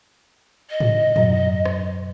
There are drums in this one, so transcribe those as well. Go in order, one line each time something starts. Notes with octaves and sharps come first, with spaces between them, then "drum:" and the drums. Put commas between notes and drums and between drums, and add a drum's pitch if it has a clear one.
D#5
drum: tom G#2
F#2 B2 F#3, drum: tom G#2
drum: rim click